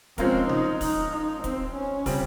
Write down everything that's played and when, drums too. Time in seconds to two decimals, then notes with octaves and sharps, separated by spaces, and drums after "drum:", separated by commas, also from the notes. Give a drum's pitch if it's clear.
0.18 F3 G#3 C4 C#4 F4 A#4, drum: kick, hi-hat
0.49 D#4, drum: tom C3
0.81 D#4, drum: kick, open hi-hat
1.12 D#4
1.44 C4, drum: kick, hi-hat
1.74 C#4
2.06 C#3 G3 C4 G4, drum: kick, open hi-hat